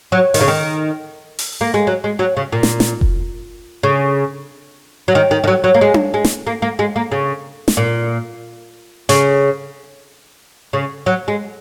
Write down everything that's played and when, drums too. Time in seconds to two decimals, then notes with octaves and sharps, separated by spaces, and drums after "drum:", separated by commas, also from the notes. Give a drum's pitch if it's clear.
0.12 F#3
0.34 D#3, drum: open hi-hat
0.41 C#3
0.48 D#3
1.39 drum: open hi-hat
1.61 A#3
1.74 G#3
1.87 F#3
2.04 G#3
2.19 F#3
2.37 C#3
2.52 A#2
2.63 drum: snare
2.80 drum: snare
3.01 drum: kick F1
3.83 C#3
5.08 F#3
5.15 D#3
5.31 D#3
5.44 D#3
5.47 F#3
5.64 F#3
5.74 A#3
5.81 G#3
5.94 drum: tom D4
6.14 G#3
6.25 drum: snare
6.47 A#3
6.62 A#3
6.79 G#3
6.96 A#3
7.12 C#3
7.68 drum: snare
7.77 A#2
9.09 C#3, drum: hi-hat
10.73 C#3
11.06 F#3
11.28 G#3